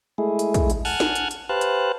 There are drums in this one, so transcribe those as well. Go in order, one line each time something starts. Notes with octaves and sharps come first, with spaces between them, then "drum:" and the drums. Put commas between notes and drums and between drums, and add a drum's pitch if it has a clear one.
G#3 A3 E4 G#4
drum: hi-hat
drum: kick, hi-hat
drum: hi-hat
F#5 G#5 A5 F6 F#6 G#6, drum: open hi-hat
drum: snare
drum: hi-hat
drum: hi-hat
G4 B4 C5 F5 A5 F#6
drum: hi-hat